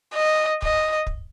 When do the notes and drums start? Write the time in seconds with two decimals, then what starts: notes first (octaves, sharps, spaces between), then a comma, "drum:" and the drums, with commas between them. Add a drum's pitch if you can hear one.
0.14 D#5
0.62 D#5, drum: kick
1.07 drum: kick